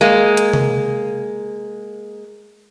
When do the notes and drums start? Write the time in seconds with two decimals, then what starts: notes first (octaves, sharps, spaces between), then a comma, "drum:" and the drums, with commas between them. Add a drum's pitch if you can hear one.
0.01 G#3 A#3
0.37 drum: hi-hat
0.53 drum: tom C3